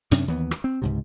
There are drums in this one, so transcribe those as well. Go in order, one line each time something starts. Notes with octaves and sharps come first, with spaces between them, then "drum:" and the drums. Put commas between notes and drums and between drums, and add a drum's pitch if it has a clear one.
F#2 C3 C#4 D4, drum: hi-hat
D#2 E3 B3
drum: rim click
C4
C#2 G#2 C3